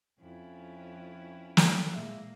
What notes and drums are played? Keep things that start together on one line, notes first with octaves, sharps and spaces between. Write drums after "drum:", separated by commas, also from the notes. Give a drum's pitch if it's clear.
F2 C#4 E4
drum: snare
A#2 G#3 A#3 E5